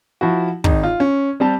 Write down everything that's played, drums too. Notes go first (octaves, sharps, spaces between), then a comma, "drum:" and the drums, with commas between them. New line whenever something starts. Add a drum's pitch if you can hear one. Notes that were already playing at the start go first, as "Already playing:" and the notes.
F3 E4 F#4
G#1 D#4, drum: kick
F4
C#4
G3 C4 G4 A5